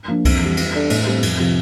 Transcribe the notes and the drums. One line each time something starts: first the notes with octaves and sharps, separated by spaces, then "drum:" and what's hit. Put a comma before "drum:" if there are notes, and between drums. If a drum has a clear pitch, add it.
F3 A#3 D4
F2, drum: kick C2, cymbal
E3 G3
G3, drum: cymbal
D4 A4 D5
A2, drum: cymbal
G3 C4
F2, drum: cymbal
C3 F3